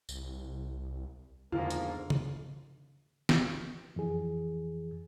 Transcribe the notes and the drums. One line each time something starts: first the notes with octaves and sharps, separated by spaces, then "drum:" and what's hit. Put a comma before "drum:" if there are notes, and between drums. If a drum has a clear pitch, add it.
C2, drum: tambourine
E2 G#2 D3 F3 A#3 F4
drum: hi-hat
drum: tom C#3
drum: snare
F2 E3 G#4